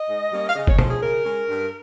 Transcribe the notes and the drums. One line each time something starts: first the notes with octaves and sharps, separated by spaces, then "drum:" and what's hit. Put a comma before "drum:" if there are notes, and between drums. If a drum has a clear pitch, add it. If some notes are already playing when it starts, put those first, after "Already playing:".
Already playing: D#5
G#2
G3 A#3 C#4
F5
C#3 D#5
C#5, drum: kick F#1
F3 G#3 C#4 C5, drum: tom
G#4
C#3 A#4
G#3 C#4
G2